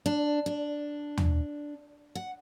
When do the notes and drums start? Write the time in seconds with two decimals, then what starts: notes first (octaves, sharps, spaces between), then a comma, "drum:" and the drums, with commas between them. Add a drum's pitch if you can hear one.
0.06 D4
0.46 D4
1.17 drum: tom
2.15 F#5